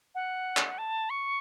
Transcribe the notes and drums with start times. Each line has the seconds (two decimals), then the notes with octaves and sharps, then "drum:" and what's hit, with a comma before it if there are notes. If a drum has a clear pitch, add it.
0.15 F#5
0.57 drum: clap
0.78 A5
1.10 C#6